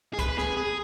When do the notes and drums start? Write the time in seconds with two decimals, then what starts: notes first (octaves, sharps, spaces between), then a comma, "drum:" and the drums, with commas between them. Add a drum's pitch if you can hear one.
0.14 G#4
0.19 B4, drum: kick, hi-hat
0.38 G#4, drum: snare
0.57 G#4